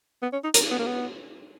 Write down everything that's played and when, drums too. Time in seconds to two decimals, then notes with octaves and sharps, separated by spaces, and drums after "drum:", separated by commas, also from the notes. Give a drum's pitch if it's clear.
0.22 B3
0.33 C#4
0.44 D#4
0.54 A#4, drum: hi-hat
0.71 B3
0.79 A#3
0.86 B3